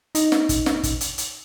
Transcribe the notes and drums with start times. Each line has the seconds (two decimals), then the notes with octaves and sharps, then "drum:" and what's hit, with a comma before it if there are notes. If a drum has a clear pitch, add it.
0.15 D#4, drum: hi-hat
0.32 drum: snare
0.49 drum: kick, hi-hat
0.66 drum: snare
0.83 drum: kick, hi-hat
1.01 drum: hi-hat
1.18 drum: hi-hat